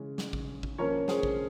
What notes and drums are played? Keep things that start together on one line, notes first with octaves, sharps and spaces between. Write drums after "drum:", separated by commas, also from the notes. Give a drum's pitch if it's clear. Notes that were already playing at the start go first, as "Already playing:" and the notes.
Already playing: C#3 E3 G#3 C#4
drum: snare
drum: kick
drum: kick
F3 A#3 C#4 A#4 C#5
G#4 C5, drum: snare
drum: kick